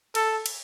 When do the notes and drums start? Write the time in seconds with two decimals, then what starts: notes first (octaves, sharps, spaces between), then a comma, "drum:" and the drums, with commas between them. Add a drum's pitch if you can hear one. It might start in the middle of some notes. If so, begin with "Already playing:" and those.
0.15 A4, drum: cymbal
0.46 drum: cymbal